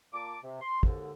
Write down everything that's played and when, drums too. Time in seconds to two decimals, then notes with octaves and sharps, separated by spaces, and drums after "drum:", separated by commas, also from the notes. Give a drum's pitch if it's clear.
0.13 A#2 A5 D6
0.43 C3
0.61 C6
0.83 D#2 G#2 D3, drum: kick